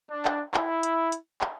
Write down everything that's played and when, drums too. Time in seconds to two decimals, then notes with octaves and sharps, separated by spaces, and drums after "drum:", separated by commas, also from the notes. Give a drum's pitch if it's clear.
0.10 D4
0.25 drum: clap
0.54 E4, drum: clap
0.83 drum: hi-hat
1.12 drum: hi-hat
1.41 drum: clap